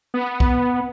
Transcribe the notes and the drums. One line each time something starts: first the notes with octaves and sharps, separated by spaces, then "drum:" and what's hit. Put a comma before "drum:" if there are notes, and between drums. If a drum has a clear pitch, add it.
B3
drum: kick B1